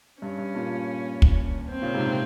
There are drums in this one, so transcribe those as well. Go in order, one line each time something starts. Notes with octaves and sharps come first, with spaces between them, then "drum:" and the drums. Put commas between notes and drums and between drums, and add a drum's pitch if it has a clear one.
G2 C#4
G2
G2 A#2
drum: kick
C4
A#2 C#3
G#2 C3
A#2